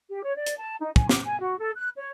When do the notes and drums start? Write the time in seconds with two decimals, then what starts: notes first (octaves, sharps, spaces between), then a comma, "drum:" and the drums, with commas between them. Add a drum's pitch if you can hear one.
0.11 G4
0.23 C#5
0.37 D5
0.46 drum: hi-hat
0.58 A5
0.82 D#4
0.96 G#5, drum: kick
1.09 D6, drum: snare
1.25 G#5
1.41 F#4
1.60 A4
1.76 F#6
1.97 C#5